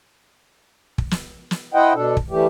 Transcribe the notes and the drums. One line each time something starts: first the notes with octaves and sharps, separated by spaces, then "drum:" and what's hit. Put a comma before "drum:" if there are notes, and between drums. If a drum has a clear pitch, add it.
drum: kick
drum: snare
drum: snare
E4 C5 D#5 F#5 G5
B2 D4 A4
drum: kick
E3 G3 A3 G4